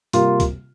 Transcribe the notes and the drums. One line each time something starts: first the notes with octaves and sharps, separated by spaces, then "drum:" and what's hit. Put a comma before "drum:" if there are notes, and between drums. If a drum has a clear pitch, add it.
C3 G3 A#3 F4, drum: hi-hat
drum: kick C#2, hi-hat